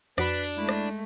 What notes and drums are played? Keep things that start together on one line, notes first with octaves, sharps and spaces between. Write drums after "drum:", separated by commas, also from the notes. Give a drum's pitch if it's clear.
F2 D4 F#4 B4 B5, drum: rim click
drum: cymbal
G#3 A3 E4
drum: rim click